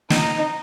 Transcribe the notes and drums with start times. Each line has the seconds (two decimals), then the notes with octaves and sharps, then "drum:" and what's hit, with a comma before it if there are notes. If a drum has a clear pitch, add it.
0.10 D#4, drum: snare